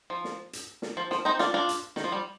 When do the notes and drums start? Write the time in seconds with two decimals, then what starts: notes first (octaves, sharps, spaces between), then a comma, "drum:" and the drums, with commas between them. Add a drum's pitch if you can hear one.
0.10 F3
0.24 drum: snare
0.53 drum: hi-hat
0.82 drum: snare
0.97 F3
1.11 F3, drum: snare
1.25 C4 D#4
1.39 D4 F4, drum: snare
1.54 D4 F4
1.69 drum: hi-hat
1.96 D#3, drum: snare
2.04 F3
2.12 G3